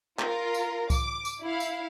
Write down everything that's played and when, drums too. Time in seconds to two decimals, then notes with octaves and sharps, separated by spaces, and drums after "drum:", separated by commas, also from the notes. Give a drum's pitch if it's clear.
0.19 F4 A#4, drum: clap
0.54 drum: tambourine
0.90 D6, drum: kick C2, tambourine
1.25 drum: tambourine
1.42 E4 F5
1.60 drum: tambourine